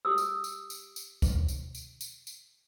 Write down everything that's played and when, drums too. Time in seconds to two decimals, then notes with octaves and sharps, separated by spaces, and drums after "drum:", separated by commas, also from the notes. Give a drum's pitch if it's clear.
0.05 G4 D#6 E6
0.18 drum: tambourine
0.44 drum: tambourine
0.70 drum: tambourine
0.96 drum: tambourine
1.22 drum: kick, tambourine
1.48 drum: tambourine
1.75 drum: tambourine
2.01 drum: tambourine
2.27 drum: tambourine